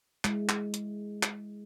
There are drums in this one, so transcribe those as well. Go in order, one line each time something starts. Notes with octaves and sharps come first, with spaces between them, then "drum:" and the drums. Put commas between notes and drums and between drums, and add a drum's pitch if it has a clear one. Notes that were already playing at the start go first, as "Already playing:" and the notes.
G#3 E4, drum: clap
drum: clap
drum: hi-hat
drum: clap